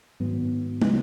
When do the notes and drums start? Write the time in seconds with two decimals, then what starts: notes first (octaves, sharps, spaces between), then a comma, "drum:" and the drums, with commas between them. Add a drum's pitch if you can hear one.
0.20 G#2 D#3 F#3 B3
0.82 C#3 F#3 B3 D#4, drum: tom